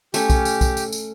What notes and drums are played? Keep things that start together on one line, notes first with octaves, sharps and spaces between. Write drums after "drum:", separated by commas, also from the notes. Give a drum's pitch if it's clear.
A3 C#4 G4, drum: tambourine
drum: kick B1, tambourine
drum: tambourine
drum: kick B1, tambourine
drum: tambourine
drum: tambourine